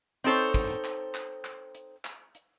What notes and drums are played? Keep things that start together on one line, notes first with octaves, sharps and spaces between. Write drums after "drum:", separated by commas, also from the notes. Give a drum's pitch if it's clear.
C4 D#4 A4 C5 C#5, drum: hi-hat
drum: kick, hi-hat
drum: clap
drum: clap
drum: clap
drum: hi-hat
drum: clap
drum: hi-hat